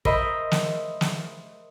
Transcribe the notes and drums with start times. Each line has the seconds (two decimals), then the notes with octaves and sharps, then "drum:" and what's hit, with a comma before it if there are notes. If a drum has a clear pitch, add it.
0.05 A#4 C5 D#5 E5 B5, drum: kick
0.51 drum: snare
1.01 drum: snare